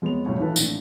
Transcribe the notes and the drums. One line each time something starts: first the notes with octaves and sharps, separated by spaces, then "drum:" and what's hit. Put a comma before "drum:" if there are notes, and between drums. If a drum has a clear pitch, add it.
F2 G#3 B3 C#5 F7
E1 C#2 F#2 A2 C#5
D#3 E3 E4 F4 A4 B4
A#1 A2 D3, drum: tambourine